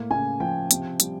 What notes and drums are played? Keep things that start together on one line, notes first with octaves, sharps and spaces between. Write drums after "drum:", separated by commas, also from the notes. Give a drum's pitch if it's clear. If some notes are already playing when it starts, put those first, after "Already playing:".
Already playing: A2 A#3
C#3 G#5
F3 G5
C3, drum: hi-hat
G3, drum: hi-hat